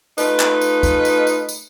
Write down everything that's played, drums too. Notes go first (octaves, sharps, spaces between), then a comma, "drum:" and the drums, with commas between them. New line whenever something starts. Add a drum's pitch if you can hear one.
A3 D#4 F4 B4, drum: tambourine
drum: clap
drum: tambourine
drum: kick, tambourine
drum: tambourine
drum: tambourine
drum: tambourine